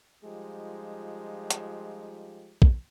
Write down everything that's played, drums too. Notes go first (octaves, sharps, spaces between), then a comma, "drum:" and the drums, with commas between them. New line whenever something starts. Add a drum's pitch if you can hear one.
F3 G3 G#3 D#4 F4 G4
drum: hi-hat
drum: kick